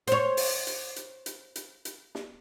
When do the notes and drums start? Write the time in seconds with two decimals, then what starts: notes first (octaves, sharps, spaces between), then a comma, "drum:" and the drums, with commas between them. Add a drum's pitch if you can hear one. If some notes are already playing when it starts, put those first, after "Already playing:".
0.07 C5 C#5, drum: hi-hat
0.37 drum: open hi-hat
0.67 drum: hi-hat
0.96 drum: hi-hat
1.26 drum: hi-hat
1.56 drum: hi-hat
1.85 drum: hi-hat
2.15 drum: snare